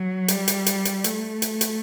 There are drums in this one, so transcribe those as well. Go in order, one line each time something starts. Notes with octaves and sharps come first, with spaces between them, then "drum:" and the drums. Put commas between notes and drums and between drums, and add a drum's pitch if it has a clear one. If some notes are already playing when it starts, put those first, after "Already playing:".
Already playing: F#3
G3, drum: hi-hat
drum: hi-hat
drum: hi-hat
drum: hi-hat
A3, drum: hi-hat
drum: hi-hat
drum: hi-hat